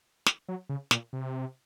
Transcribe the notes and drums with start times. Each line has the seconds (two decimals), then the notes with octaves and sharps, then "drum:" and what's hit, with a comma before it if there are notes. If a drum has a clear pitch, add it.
0.26 drum: snare
0.49 F#3
0.69 C#3
0.91 A#2, drum: snare
1.13 C3